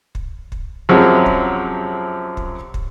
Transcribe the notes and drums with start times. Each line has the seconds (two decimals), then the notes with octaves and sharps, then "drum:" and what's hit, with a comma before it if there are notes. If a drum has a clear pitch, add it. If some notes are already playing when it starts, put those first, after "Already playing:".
0.15 drum: kick
0.52 drum: kick
0.89 F#2 C3 F3 F#3 G#3
1.26 drum: kick
2.37 drum: kick
2.74 drum: kick